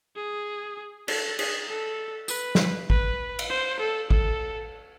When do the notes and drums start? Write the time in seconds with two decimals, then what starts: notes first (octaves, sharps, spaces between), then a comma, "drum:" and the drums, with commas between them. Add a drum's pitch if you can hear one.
0.17 G#4
1.08 A4, drum: cymbal
1.39 G#4, drum: cymbal
1.68 A4
2.28 B4, drum: tambourine
2.55 drum: snare
2.90 B4, drum: kick G#1
3.39 drum: cymbal
3.50 C5
3.80 A4
4.11 A4, drum: kick G#1